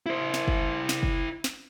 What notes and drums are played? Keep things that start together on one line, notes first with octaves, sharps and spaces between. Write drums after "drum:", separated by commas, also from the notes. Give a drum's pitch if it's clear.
E4 C5
drum: snare
drum: kick
drum: snare
drum: kick
drum: snare